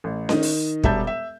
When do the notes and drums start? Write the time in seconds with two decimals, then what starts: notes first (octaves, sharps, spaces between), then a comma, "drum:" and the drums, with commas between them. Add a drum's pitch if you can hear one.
0.04 A1
0.29 D#3 D#5, drum: snare C#4
0.43 drum: open hi-hat
0.84 E1 G3 E5 A5 G6, drum: kick
1.07 E5